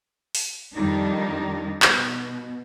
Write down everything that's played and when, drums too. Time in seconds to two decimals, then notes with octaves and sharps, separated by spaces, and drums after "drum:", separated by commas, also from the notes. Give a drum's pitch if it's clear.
0.35 drum: open hi-hat
0.74 F2 D#3 G3 D4 D#4
1.82 B2, drum: clap